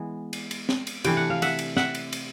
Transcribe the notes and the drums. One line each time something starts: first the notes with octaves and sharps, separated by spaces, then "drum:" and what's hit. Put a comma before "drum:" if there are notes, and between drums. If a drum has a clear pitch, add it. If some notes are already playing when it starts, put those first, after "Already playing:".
Already playing: E3 G#3 B3
drum: cymbal
drum: cymbal
drum: snare
drum: cymbal
C3 E3 A3 D4 G5, drum: cymbal
F#5
F5
E5 F#5, drum: cymbal
drum: cymbal
E5 F#5, drum: snare
drum: cymbal
drum: cymbal